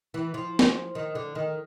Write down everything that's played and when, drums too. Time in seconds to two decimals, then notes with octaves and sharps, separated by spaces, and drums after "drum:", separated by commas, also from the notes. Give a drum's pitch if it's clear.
0.14 E3
0.34 F3
0.59 drum: snare
0.95 D#3
1.15 D3
1.35 D#3